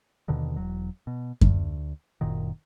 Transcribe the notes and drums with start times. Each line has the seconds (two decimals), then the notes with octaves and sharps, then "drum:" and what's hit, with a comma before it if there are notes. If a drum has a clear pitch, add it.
0.28 D#2 B2 D3 D#3
0.57 E1 F#3
1.07 B2
1.41 D2, drum: kick F#2
2.21 F#1 F#2 A#2 D#3